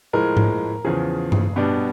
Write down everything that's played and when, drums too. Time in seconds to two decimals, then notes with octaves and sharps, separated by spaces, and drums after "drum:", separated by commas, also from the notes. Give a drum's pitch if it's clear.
0.13 A2 F3 G#3 A#4
0.37 drum: tom G#2
0.84 E2 C#3 F3 G#4
1.32 drum: tom G2
1.56 B2 G3 B3 D4